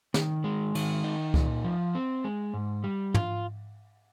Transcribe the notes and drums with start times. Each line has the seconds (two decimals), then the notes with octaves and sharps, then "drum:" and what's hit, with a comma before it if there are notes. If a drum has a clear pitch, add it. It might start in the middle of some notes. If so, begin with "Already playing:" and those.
0.14 D#3, drum: snare
0.44 G#3
0.75 D#3, drum: cymbal
1.04 D#4
1.34 A#2, drum: kick C#2
1.65 F3
1.95 C4
2.24 G#3
2.54 G#2
2.84 G3
3.14 F4, drum: tom